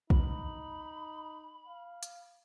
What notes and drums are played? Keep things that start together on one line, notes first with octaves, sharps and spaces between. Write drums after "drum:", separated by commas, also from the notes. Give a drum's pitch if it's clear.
D#4 B5, drum: kick
F5
drum: hi-hat